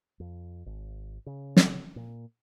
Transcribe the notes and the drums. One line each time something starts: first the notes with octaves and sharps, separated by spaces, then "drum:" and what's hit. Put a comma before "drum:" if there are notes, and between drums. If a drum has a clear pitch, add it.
F2
G#1
C#3
drum: snare
A#2